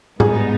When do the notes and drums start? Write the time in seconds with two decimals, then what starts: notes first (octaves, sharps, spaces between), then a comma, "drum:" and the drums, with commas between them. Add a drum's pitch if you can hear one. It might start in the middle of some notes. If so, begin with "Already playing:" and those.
0.20 G#2 G3 B3 D#4 G#4, drum: tom A2